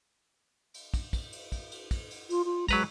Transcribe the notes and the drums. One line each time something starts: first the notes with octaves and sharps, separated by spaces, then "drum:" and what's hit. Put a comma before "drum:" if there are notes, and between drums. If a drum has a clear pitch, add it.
drum: cymbal
drum: kick, cymbal
drum: kick, cymbal
drum: cymbal
drum: kick, cymbal
drum: cymbal
drum: kick, cymbal
drum: cymbal
F4, drum: cymbal
F4
F#3 G#3 B4 A#5, drum: kick, cymbal